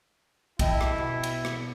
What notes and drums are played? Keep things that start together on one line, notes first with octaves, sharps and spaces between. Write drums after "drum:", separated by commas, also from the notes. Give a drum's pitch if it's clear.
E4 D#5 G5 A5, drum: kick B1, cymbal
drum: rim click
B2
drum: cymbal
drum: rim click